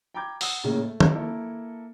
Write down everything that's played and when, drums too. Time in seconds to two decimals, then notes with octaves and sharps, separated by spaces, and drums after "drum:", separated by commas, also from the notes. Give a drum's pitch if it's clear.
0.14 G5 A#5 B5 D6 G6 G#6
0.41 F#5 D#6 E6, drum: open hi-hat
0.64 A#1 A2 C#3 G#3 A#3
0.83 A3
1.00 drum: tom
1.14 A#3 E4 A4